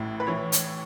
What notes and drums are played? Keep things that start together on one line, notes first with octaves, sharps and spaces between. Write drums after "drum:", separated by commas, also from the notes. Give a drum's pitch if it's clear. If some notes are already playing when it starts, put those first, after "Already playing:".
Already playing: A1 A2
B4
E3 C#5
drum: hi-hat